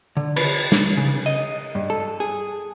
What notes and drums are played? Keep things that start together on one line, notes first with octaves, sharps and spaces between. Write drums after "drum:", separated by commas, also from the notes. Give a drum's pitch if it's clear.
D3
B4, drum: cymbal
drum: snare
C#3
D#5
G2
A4
G#4